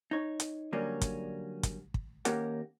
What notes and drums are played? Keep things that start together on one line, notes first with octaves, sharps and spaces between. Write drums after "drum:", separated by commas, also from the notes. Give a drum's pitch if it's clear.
D#4 C#5
drum: hi-hat
D3 F#3 G3 A#3 C#4
drum: kick, hi-hat
drum: kick, hi-hat
drum: kick
D#2 A#3 C#4 G4 A#4 F#5, drum: hi-hat